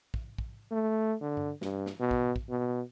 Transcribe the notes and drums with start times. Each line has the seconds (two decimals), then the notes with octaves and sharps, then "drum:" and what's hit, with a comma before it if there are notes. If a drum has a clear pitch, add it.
0.14 drum: kick
0.38 drum: kick
0.71 A3
1.21 D3
1.37 drum: tom G2
1.62 G2, drum: snare
1.86 drum: snare
2.00 B2
2.11 drum: kick
2.36 drum: kick
2.50 B2